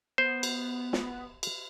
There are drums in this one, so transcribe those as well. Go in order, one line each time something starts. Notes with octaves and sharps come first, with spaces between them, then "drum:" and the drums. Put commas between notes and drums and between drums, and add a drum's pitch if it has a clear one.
B3 C5
drum: cymbal
drum: snare
drum: cymbal